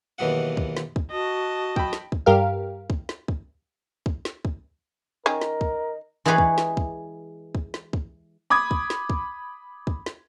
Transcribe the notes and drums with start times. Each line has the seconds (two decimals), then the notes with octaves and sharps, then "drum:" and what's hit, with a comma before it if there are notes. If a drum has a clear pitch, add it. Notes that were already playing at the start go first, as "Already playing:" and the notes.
0.18 D#2 B2 E3 F#3 G#4 F#5
0.57 drum: kick
0.77 drum: snare
0.96 drum: kick
1.11 F#4 D#5 A5
1.76 G5 B5, drum: kick
1.93 drum: snare
2.12 drum: kick
2.26 G2 G4 A#4 F5
2.90 drum: kick
3.09 drum: snare
3.28 drum: kick
4.06 drum: kick
4.25 drum: snare
4.45 drum: kick
5.26 D#3 C#4 A#4 D#5
5.41 drum: snare
5.61 drum: kick
6.25 E3 G#3 G4 G#4 B4 C#5
6.38 drum: kick
6.58 drum: snare
6.77 drum: kick
7.55 drum: kick
7.74 drum: snare
7.93 drum: kick
8.50 B5 D6 D#6 G#6
8.71 drum: kick
8.90 drum: snare
9.10 drum: kick
9.87 drum: kick
10.06 drum: snare